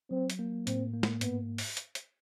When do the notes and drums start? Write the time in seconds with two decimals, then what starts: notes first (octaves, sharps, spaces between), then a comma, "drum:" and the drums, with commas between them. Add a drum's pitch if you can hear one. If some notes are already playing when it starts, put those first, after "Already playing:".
0.11 F#3 C4
0.30 drum: hi-hat
0.39 A#3
0.67 A2 C4, drum: hi-hat
0.94 A#3
1.03 drum: snare
1.21 G#2 B3, drum: hi-hat
1.58 drum: open hi-hat
1.77 drum: hi-hat
1.95 drum: hi-hat